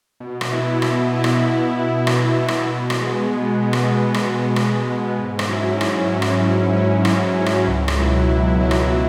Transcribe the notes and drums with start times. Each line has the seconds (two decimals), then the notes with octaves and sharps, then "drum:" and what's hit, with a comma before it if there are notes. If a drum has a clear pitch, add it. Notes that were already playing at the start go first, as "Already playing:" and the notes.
0.20 B2
0.41 drum: rim click
0.52 B3 E4
0.82 B2, drum: rim click
1.13 B3 E4
1.24 drum: rim click
1.45 B2
1.76 B3 E4
2.07 B2, drum: rim click
2.38 B3 E4
2.48 drum: rim click
2.69 B2
2.90 drum: rim click
3.00 G#3 B3
3.31 B2
3.63 G#3 B3
3.73 drum: rim click
3.94 B2
4.14 drum: rim click
4.25 G#3 B3
4.56 B2, drum: rim click
4.87 G#3 B3
5.18 G#2
5.39 drum: rim click
5.49 F#3 C#4 E4
5.81 G#2, drum: rim click
6.11 F#3 C#4 E4
6.22 drum: rim click
6.42 G#2
6.74 F#3 C#4 E4
7.05 G#2, drum: rim click
7.36 F#3 C#4 E4
7.46 drum: rim click
7.67 C#2
7.88 drum: rim click
7.99 B2 F#3 E4
8.29 C#2
8.60 B2 F#3 E4
8.71 drum: rim click